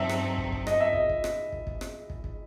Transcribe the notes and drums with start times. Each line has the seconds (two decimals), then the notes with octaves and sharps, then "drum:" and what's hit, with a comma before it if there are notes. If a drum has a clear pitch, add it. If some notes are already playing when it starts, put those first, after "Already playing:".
Already playing: G2 F#3 C4 D#4 A4 E5
0.09 drum: rim click
0.38 drum: kick
0.52 drum: kick
0.67 D#5, drum: rim click
0.80 E5
0.93 D#5, drum: kick
1.10 drum: kick
1.24 drum: rim click
1.52 drum: kick
1.67 drum: kick
1.81 drum: rim click
2.10 drum: kick
2.24 drum: kick